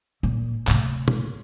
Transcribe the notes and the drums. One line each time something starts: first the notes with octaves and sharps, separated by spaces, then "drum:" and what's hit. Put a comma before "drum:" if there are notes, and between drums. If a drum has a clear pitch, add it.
A#2
A2 C3, drum: clap
drum: tom